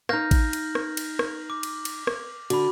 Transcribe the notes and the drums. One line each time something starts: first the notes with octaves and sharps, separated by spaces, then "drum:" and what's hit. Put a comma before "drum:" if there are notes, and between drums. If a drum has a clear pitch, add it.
D#4 F5 F6 G6 A#6, drum: rim click
drum: kick A1, cymbal
drum: cymbal
drum: rim click
drum: cymbal
drum: rim click
D6
drum: cymbal
drum: cymbal
drum: rim click
D3 F#4 B5 D6, drum: cymbal